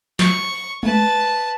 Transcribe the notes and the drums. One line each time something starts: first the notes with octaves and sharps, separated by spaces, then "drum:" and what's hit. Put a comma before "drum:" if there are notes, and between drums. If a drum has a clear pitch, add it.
C#6, drum: snare
B4 A5, drum: tom G#3